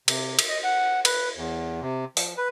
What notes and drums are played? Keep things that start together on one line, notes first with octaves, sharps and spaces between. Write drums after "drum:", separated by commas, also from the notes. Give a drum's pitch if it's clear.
C3, drum: cymbal
drum: cymbal
D#5
F#5
B4, drum: cymbal
E2
C3
F3, drum: open hi-hat
B4